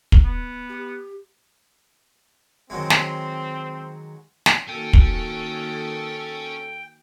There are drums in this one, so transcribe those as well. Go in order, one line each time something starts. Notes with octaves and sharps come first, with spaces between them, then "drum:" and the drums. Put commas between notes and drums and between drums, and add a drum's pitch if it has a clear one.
drum: kick
B3
G4
D#3 F#3 G#3 C4
drum: snare
drum: snare
D#3 A#3 C#4 F#4 A4 G5
drum: kick